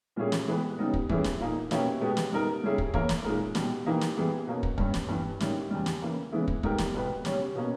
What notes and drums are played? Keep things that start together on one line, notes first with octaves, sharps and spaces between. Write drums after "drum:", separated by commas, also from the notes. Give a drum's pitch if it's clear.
A#2 G3 C#4 E4 G#4
drum: snare
E3 G#3 B3 G4 B4
C#3 G3 B3 D#4
drum: kick
E3 G3 C#4 E4 G#4, drum: kick
drum: snare
A#2 A#3 D#4
B2 A#3 C#4 E4 G4, drum: snare
B2 G#3 B3 G4
drum: snare
G3 B3 D#4 A#4
C#3 G3 C#4 E4 G#4
drum: kick
E3 A#3 E4 A#4 C#5, drum: kick
drum: snare
A#2 G#3 D#4 A#4
B2 G3 B3, drum: snare
E3 A#3 D#4 G4
drum: snare
E3 G3 B3 E4 G#4
B2 A#3 C#4
drum: kick
G2 G3 C#4, drum: kick
drum: snare
G2 E3 G3
G#2 D#3 G3 C#4 E4, drum: snare
E2 C#3 G3
drum: snare
C#3 E3 A#3 E4
C#3 E3 G#3 B3 E4
drum: kick
G#2 G3 B3 G4 A#4, drum: kick
drum: snare
B2 G3 B3 G4 B4
C#3 G3 C#4 G4 C#5, drum: snare
B2 A#3 C#4